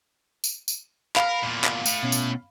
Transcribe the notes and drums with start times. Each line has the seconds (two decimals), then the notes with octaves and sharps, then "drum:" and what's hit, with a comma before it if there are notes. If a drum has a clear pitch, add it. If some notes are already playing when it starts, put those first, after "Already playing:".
0.44 drum: tambourine
0.68 drum: tambourine
1.16 A#4 F5 B5, drum: clap
1.44 E2 A#2
1.64 drum: clap
1.86 A2, drum: tambourine
2.03 B2 C#4
2.12 drum: tambourine